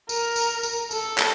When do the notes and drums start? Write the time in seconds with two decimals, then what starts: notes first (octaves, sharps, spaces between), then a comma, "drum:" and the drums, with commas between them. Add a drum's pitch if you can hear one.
0.09 A#4, drum: tambourine
0.36 drum: tambourine
0.63 drum: tambourine
0.91 A4, drum: tambourine
1.18 drum: clap